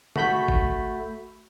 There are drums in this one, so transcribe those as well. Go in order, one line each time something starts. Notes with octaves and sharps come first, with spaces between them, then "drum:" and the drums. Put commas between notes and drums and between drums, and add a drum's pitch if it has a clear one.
A3 F#4 B5 G6 B6, drum: tom C3
drum: kick G1